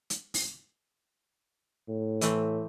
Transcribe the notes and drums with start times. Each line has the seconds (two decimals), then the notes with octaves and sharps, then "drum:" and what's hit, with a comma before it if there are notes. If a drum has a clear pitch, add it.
0.10 drum: hi-hat
0.34 drum: open hi-hat
1.88 A2
2.21 E3 A3 C4, drum: hi-hat